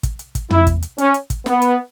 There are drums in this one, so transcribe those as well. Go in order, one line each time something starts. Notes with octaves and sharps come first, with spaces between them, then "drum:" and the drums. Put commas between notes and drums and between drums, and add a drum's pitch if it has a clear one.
drum: kick, hi-hat
drum: hi-hat
drum: kick, hi-hat
E4, drum: tom
drum: kick, hi-hat
drum: hi-hat
C#4, drum: hi-hat
drum: hi-hat
drum: kick, hi-hat
B3, drum: snare
drum: hi-hat